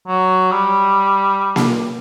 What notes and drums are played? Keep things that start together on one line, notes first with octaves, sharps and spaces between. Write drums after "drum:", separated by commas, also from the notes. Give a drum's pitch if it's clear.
F#3
G3
drum: snare A#3